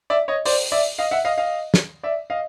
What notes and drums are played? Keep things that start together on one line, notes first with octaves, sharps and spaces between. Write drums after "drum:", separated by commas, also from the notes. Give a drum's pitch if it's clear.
D5 E5
C#5 D#5
C5 D5, drum: open hi-hat
D5 E5
D#5 F5
E5 F#5
D#5 F5
D#5 F5
drum: snare
D5 E5
D#5 F5